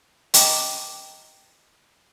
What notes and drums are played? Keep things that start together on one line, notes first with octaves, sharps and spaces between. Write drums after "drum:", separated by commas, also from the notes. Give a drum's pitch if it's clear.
D#5 G5 A5 A#5 D6, drum: hi-hat